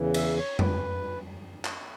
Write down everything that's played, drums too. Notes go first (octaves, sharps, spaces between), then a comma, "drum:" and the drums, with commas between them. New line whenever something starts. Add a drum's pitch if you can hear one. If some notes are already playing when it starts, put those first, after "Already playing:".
Already playing: E2 C#3 E3
E5, drum: cymbal
C#5
B4, drum: tom F2
drum: clap